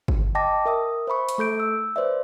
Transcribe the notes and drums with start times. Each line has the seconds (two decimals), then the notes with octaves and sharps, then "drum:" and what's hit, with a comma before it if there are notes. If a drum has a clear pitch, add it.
0.08 drum: kick
0.35 D#5 G5 A5 D6 A#6
0.66 A#4 E5 D#6
1.07 C5 E5 B5 C#6
1.29 drum: hi-hat
1.38 A3 A4 G6 D7
1.60 E6
1.96 B4 C5 D5 E5